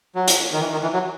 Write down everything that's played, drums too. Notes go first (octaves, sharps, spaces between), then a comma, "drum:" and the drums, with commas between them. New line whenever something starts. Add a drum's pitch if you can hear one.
F#3
drum: hi-hat
D#3
E3
D#3
E3
F#3